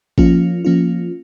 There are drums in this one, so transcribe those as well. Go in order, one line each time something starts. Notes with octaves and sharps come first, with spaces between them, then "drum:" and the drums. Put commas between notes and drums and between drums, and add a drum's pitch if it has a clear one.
F3 A#3 C#4 F4, drum: kick A1
F3 A#3 C#4 F4